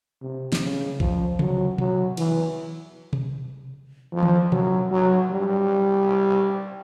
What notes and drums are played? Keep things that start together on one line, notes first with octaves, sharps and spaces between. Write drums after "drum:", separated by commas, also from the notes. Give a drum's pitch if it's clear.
C3
drum: snare
C#3
F3, drum: kick
F#3, drum: tom C3
F#3, drum: tom B2
E3, drum: cymbal
drum: tom B2
F3
drum: tom D#3
F#3, drum: tom B2
F#3
G3